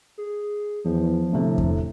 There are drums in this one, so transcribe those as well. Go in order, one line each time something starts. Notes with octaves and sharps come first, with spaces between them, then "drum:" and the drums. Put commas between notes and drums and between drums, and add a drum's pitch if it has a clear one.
G#4
E2 F3
D2 A2 C3
drum: kick E2